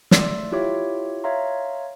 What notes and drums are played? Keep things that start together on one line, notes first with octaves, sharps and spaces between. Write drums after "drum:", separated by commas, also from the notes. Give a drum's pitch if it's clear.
A3 D5 C6 E6, drum: snare
E4 F4 G4 C#5 E5 D6
C#5 E5 F5 A#5 C6